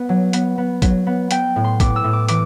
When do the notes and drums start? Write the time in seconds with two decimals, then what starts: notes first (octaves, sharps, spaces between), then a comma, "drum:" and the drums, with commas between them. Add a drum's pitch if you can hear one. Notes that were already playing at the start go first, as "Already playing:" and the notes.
Already playing: B3
0.09 F#3
0.33 B3, drum: hi-hat
0.58 B3
0.82 F#3, drum: kick, hi-hat
1.07 B3
1.31 B3 G5, drum: hi-hat
1.56 A2
1.64 C6
1.80 B3 D6, drum: kick, hi-hat
1.96 E6
2.04 A2
2.13 D6
2.29 E3 D6, drum: hi-hat